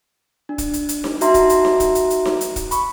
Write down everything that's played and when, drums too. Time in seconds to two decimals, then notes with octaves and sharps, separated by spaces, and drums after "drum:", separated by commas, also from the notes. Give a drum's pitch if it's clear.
0.49 D4
0.58 drum: kick, hi-hat
0.73 drum: hi-hat
0.89 drum: hi-hat
1.04 drum: snare D#4
1.21 D#4 F#4 E5 A#5 C6, drum: hi-hat
1.34 drum: kick, hi-hat
1.49 drum: hi-hat
1.65 drum: snare D#4
1.80 drum: kick, hi-hat
1.95 drum: hi-hat
2.10 drum: hi-hat
2.25 drum: snare D#4
2.41 drum: hi-hat
2.56 drum: kick, hi-hat
2.71 B5 C#6, drum: hi-hat